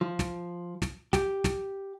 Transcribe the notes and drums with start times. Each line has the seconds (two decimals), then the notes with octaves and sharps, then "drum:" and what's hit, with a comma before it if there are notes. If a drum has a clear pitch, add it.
0.01 F3
0.19 drum: snare
0.82 drum: snare
1.13 G4, drum: snare
1.44 drum: snare